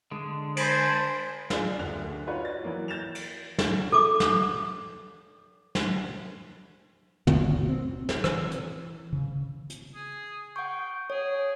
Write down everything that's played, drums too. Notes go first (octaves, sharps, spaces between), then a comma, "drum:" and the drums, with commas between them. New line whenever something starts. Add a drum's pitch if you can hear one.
D3 G#3
C5 G#5 A5 B5, drum: cymbal
F4 G#4 D5, drum: snare
F#1 D2 F#6 F7
D#4 F4 F#4 B4 C#5 D5
A6
E3 F#3 A#3 E4
G6 A6 E7 F7
drum: cymbal
drum: snare
A4 D6
drum: snare
drum: snare
G#1 D#2 B2, drum: tom
C4
drum: snare
E3, drum: rim click
drum: hi-hat
C#3
drum: hi-hat
G#4
F#5 G5 C#6
G#4 C#5